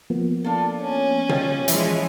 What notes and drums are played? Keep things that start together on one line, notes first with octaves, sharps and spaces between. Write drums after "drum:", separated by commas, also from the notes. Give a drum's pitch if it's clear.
F3 A#3 B3
D4 F4 A4
C#4
G3 F4 D#5 G5, drum: tom
E3 F3 G#3 E5, drum: hi-hat